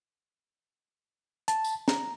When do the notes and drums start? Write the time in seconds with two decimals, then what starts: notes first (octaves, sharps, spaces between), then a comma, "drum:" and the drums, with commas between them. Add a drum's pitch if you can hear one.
1.48 A5, drum: hi-hat
1.64 drum: tambourine
1.88 A#5, drum: snare